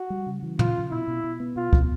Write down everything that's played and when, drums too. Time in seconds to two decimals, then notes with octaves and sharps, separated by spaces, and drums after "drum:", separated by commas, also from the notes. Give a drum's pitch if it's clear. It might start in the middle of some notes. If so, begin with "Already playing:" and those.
Already playing: F#4
0.10 G3
0.26 C#3
0.43 E3
0.59 C#3 F4, drum: tom A#2
0.76 C#3
0.91 B2 E4
1.08 B2
1.24 B2
1.40 B3
1.56 B2 F4
1.73 B2, drum: kick